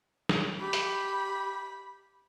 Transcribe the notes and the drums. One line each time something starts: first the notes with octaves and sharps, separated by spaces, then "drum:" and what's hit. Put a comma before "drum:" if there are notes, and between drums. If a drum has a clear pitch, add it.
drum: snare
G4 B5
drum: hi-hat